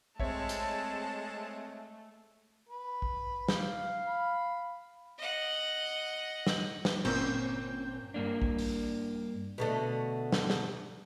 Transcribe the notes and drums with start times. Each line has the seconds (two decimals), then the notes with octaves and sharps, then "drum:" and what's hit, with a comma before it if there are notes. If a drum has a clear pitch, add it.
0.19 G#3 A3 C4 C#5 E5 A5, drum: kick A#1
0.49 drum: hi-hat
2.69 B4
3.02 drum: kick A#1
3.48 F5, drum: snare
4.07 B5
5.18 D#5 F#5
6.47 drum: snare
6.85 drum: snare
7.05 G1 A#2 C4 C#4 G6, drum: cymbal
8.14 G2 A#3 D4
8.42 drum: kick A#1
8.58 drum: open hi-hat
9.58 B2 D3 A3
10.32 drum: snare
10.50 drum: snare